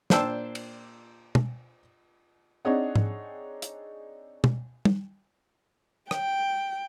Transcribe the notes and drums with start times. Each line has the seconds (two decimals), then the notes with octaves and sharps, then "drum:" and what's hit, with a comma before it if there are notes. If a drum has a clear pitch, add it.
0.10 A#2 D4 C5 G5 A5 E6, drum: snare
0.55 drum: cymbal
1.35 drum: tom
2.65 C4 D4 D#4 G#4 C#5 F#5
2.96 drum: tom G#2
3.62 drum: hi-hat
4.44 drum: tom
4.85 drum: tom
6.11 G5, drum: rim click